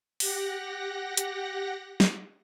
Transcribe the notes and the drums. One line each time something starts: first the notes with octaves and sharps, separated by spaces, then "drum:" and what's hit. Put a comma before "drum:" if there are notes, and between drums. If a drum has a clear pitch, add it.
G4 F#5 A#6, drum: open hi-hat
drum: hi-hat
drum: snare